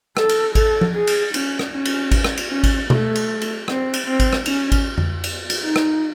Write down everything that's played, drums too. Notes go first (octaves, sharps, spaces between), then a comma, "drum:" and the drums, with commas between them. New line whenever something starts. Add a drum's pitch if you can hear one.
A4, drum: rim click
drum: cymbal
A4, drum: kick G#1, cymbal
drum: tom F3
G#4
drum: cymbal
C#4, drum: cymbal
drum: rim click
C#4
drum: cymbal
drum: kick G#1, cymbal
drum: rim click
drum: cymbal
C#4
drum: kick G#1, cymbal
A3, drum: tom B2
drum: cymbal
drum: cymbal
C4, drum: rim click
drum: cymbal
C4
drum: kick G#1, cymbal
drum: rim click
C#4, drum: cymbal
drum: kick G#1, cymbal
drum: tom F2
drum: cymbal
drum: cymbal
D#4
drum: rim click